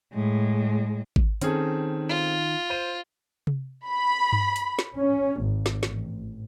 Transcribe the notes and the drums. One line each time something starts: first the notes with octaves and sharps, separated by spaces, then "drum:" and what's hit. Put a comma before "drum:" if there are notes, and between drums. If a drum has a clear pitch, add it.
A2 G#3
drum: kick G#1
D#3 C4 C#4 G#4 A4, drum: hi-hat
F4
C5 D#7
drum: tom C3
B5
drum: tom G2
drum: hi-hat
drum: snare
C#4
G#1
drum: snare
A1, drum: snare